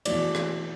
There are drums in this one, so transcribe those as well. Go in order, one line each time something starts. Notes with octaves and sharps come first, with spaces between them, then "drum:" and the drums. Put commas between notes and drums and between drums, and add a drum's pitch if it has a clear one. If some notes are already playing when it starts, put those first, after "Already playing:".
E2 B2 A3 D5, drum: cymbal
drum: rim click